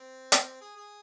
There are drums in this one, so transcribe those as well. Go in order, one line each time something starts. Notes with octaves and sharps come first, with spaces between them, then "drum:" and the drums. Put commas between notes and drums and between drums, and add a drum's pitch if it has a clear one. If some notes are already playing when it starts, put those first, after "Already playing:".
Already playing: C4
drum: hi-hat
G#4
G#4